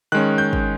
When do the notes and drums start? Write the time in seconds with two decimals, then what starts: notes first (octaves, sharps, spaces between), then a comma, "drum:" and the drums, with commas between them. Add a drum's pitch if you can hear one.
0.12 D#3 G#3 C#4 F#6
0.38 G6
0.53 drum: kick